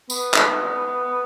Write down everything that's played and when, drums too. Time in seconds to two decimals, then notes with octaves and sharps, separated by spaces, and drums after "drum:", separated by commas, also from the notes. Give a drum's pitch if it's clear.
0.10 B3, drum: tambourine
0.34 drum: clap